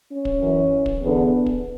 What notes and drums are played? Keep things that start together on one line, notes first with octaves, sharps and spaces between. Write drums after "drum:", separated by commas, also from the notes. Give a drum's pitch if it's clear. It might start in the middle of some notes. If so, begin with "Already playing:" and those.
C#4
drum: kick
F#2 E3
drum: kick
E2 B3
D3
drum: kick